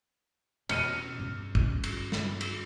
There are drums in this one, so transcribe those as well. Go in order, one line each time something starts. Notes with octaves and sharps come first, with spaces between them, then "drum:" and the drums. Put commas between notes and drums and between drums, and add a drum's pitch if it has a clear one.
B2 E3 C#4 F6 C#7 D#7, drum: cymbal
G2 C#4
drum: kick
drum: cymbal
drum: snare
drum: cymbal